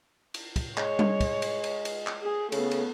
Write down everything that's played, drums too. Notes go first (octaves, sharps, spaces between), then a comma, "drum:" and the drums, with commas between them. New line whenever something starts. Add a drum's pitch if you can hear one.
drum: cymbal
drum: kick, cymbal
G#3 C#5, drum: clap
drum: tom G3
drum: kick, cymbal
drum: cymbal
drum: cymbal
drum: cymbal
drum: clap
G#4
C#3 A3 B3, drum: cymbal
drum: cymbal